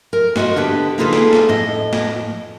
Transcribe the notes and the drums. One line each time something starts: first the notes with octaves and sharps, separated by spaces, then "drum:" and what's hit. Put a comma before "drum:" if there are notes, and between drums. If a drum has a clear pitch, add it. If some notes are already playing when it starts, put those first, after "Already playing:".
A#4
F4 F#4 D#5 F#5, drum: snare
D3 B3 G4 B4
A#3 D#4 F4 G#4 A4 B4
drum: snare
drum: snare
F2 A2 D#5
drum: snare